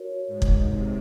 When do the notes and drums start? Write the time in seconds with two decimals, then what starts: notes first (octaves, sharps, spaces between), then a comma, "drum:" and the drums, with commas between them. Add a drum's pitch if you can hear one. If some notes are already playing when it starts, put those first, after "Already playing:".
Already playing: F#4 A#4 C#5
0.28 G#2
0.42 drum: kick
0.70 C3